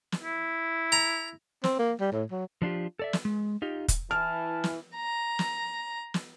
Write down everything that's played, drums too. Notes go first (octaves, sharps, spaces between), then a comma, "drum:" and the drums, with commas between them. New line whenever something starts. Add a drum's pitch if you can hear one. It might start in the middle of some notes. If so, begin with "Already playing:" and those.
drum: snare
E4
A#5
C4, drum: snare
A#3
G3
A2
F#3
F3 D4 F4 G4
A4 D5 E5
drum: snare
G#3
D#4 F4 G4
drum: kick, hi-hat
E3 A5 F6
drum: snare
A#5
drum: snare
drum: snare